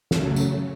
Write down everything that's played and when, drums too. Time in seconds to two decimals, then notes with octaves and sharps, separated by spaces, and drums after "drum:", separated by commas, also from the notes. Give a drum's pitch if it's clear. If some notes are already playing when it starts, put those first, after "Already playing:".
0.11 F#2 C#3 F#3 A3, drum: snare
0.36 drum: tambourine